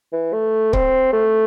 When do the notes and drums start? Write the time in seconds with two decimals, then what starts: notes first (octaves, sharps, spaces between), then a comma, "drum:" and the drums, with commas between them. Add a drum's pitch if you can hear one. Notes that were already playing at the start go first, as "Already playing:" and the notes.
0.12 E3
0.33 A3
0.73 C4, drum: kick C#1
1.13 A3